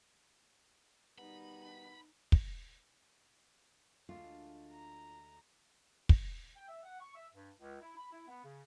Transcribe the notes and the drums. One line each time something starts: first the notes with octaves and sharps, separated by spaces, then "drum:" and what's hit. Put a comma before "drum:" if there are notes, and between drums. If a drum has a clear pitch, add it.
B2 D#3 G3 B3 D#4 B5
drum: kick
D2 G#3 D4 F4
A#5
drum: kick
G5
E5
F#5
C#6
E5
G2
C#2
E4
B5
E4
B3
C#3